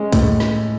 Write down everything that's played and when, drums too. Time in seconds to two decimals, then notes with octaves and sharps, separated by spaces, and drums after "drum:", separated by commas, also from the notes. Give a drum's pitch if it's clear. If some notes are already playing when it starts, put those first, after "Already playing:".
Already playing: G#3 C#4
0.12 A2, drum: kick, hi-hat
0.40 drum: snare